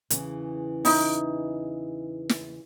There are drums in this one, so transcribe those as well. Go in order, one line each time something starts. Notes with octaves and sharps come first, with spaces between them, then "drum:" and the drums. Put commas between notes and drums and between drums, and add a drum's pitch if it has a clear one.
E2 C#3 E3, drum: hi-hat
D#4 E4, drum: open hi-hat
drum: snare